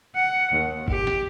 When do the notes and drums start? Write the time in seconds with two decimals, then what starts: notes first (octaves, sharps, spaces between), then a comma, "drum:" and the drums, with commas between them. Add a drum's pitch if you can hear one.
0.15 F#5
0.52 D#2
0.88 G4, drum: kick
1.07 drum: snare